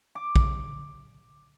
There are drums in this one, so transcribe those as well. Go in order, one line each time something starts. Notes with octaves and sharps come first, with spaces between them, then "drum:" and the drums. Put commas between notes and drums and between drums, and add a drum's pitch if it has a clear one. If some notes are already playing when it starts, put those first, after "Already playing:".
D6
drum: kick